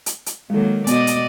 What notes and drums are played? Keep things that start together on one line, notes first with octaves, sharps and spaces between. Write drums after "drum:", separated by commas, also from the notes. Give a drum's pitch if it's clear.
drum: hi-hat
drum: hi-hat
D#3 F#3 G#3 A#3 A4
B2 B3 F#4 D5 D#5, drum: hi-hat
drum: hi-hat